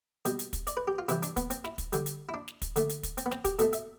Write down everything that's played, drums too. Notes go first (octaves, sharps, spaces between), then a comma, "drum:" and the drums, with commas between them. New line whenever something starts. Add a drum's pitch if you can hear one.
B2 G3, drum: hi-hat
drum: hi-hat
drum: kick, hi-hat
D5, drum: hi-hat
B4
G4
F4
C3 E3 G3 E4, drum: hi-hat
D4, drum: hi-hat
B3, drum: kick, hi-hat
C4, drum: hi-hat
E4, drum: snare
drum: kick, hi-hat
D3 G3, drum: hi-hat
drum: hi-hat
E4
D4
drum: snare
drum: kick, hi-hat
D3 A3, drum: hi-hat
drum: hi-hat
drum: kick, hi-hat
C4, drum: hi-hat
B3
C4, drum: snare
G4, drum: kick, hi-hat
B2 A3 A4, drum: hi-hat
E5, drum: hi-hat